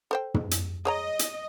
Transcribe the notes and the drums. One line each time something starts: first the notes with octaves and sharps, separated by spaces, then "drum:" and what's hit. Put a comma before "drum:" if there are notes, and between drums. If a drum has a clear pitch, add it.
A4 C5 G5
drum: tom
drum: hi-hat
G#4 C#5 D#5 A#5
drum: hi-hat